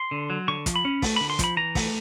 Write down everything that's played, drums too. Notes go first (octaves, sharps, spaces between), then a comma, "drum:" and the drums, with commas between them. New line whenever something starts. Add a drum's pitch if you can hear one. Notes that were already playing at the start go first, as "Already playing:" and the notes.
Already playing: C6
D3
F#3
D3 C#6
F3, drum: kick, hi-hat
B5
C#4
A3, drum: kick, open hi-hat
D3 B5
C6
F3 B5, drum: kick, hi-hat
E3 A#5
A3, drum: kick, open hi-hat